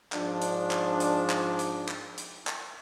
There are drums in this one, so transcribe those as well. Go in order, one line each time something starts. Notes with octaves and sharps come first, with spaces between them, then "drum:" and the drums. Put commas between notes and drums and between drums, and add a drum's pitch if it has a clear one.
G#2 F3 D4, drum: clap
drum: hi-hat
drum: clap
drum: hi-hat
drum: clap
drum: hi-hat
drum: clap
drum: hi-hat
drum: clap